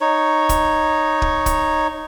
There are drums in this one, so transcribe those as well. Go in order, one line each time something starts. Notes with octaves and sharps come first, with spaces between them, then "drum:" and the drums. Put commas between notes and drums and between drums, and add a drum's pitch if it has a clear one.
D#4 C#5
drum: kick, hi-hat
drum: kick
drum: kick, hi-hat